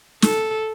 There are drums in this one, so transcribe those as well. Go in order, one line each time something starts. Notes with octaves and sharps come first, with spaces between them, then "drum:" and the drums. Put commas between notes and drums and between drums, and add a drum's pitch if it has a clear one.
A4, drum: snare